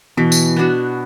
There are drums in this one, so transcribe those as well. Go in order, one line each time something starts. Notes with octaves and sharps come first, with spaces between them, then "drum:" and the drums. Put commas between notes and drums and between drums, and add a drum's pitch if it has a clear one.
B2 E3
drum: tambourine
B3 D4 F#4